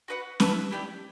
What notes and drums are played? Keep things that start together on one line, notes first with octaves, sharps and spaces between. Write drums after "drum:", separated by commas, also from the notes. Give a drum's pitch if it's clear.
F#4 B4 D5 F#5
G4 B4 E5 A5, drum: snare C#4
E4 G4 D5 G5